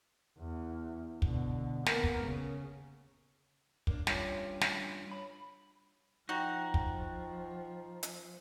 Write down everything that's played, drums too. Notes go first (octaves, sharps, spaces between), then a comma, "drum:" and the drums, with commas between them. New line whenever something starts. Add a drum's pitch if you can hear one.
E2
B2 D3, drum: kick
A#3 B3, drum: snare
drum: kick
C#3
A#3 D4, drum: kick
G2 C#4 F4, drum: snare
drum: snare
B5
F3 D#4 F#4 G5
drum: kick
drum: hi-hat